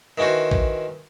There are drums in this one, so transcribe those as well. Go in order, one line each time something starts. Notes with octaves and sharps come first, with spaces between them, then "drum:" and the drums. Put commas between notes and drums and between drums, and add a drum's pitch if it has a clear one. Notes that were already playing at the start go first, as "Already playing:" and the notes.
D#3 E3 C#4 F#4 C5
drum: kick A1